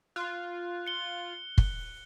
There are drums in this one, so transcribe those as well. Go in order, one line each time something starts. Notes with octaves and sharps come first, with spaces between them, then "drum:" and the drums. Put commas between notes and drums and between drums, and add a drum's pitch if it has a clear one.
F4 F#6
C#7 G7
drum: kick